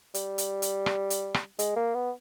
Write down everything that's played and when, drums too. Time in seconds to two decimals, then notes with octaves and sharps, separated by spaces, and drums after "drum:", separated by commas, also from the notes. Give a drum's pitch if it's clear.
0.14 G3, drum: hi-hat
0.38 drum: hi-hat
0.62 drum: hi-hat
0.86 drum: rim click
1.10 drum: hi-hat
1.34 drum: rim click
1.59 G#3, drum: hi-hat
1.76 A#3
1.95 B3